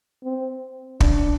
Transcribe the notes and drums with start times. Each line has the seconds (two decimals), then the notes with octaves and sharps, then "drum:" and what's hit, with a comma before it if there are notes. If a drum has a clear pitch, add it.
0.24 C4
1.00 D4, drum: kick